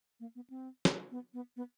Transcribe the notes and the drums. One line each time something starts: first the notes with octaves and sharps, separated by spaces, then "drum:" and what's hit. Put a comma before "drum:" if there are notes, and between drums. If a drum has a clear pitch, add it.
A#3
B3
C4
drum: snare
B3
B3
B3